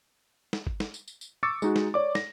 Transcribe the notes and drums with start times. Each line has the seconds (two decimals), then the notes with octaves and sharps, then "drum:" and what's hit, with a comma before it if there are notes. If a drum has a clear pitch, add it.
0.53 drum: snare
0.67 drum: kick G#1
0.80 drum: snare
0.94 drum: tambourine
1.08 drum: tambourine
1.21 drum: tambourine
1.43 C#6 D6 E6 A6 C#7
1.62 G#3 D#4 F#4, drum: tambourine
1.76 drum: snare
1.94 C#5 D5 D6
2.15 A#6, drum: snare